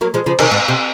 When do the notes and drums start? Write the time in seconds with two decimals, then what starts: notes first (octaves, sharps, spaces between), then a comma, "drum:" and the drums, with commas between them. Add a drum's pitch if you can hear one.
0.01 F#3 A#3
0.14 F3 G#3
0.26 C#3 F3
0.39 C3 D#3, drum: cymbal
0.51 G#2
0.68 C3